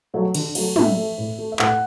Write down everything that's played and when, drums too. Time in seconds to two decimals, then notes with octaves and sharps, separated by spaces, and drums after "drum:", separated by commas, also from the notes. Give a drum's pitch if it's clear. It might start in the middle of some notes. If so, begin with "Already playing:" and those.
0.14 F#3 A3
0.35 D3, drum: cymbal
0.55 F#3 A3, drum: cymbal
0.76 A2 E5, drum: tom
0.97 A3
1.18 A2
1.39 A3
1.52 E5
1.59 A2 F#5, drum: clap